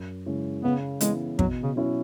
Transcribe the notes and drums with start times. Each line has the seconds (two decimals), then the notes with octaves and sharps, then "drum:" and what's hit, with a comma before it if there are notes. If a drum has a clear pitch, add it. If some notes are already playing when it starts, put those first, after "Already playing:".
Already playing: F#2
0.26 C#3 G#3 C#4 E4
0.63 C#3 B3
1.01 E3 G#3 B3 E4, drum: hi-hat
1.39 B2 F#3, drum: kick
1.63 C#3
1.76 F#3 C#4 E4